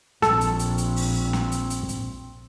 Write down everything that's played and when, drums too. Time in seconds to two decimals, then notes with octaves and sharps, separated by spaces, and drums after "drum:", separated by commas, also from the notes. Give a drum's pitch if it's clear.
0.22 A#1 C4 A4, drum: snare
0.41 drum: hi-hat
0.59 drum: hi-hat
0.78 drum: hi-hat
0.96 drum: open hi-hat
1.33 drum: snare
1.52 drum: hi-hat
1.70 drum: hi-hat
1.89 drum: hi-hat